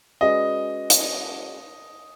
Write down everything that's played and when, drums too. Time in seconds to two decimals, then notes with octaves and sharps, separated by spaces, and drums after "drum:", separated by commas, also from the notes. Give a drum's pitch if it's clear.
0.21 G#3 C#4 F#4 B4 D5 D#5
0.90 drum: hi-hat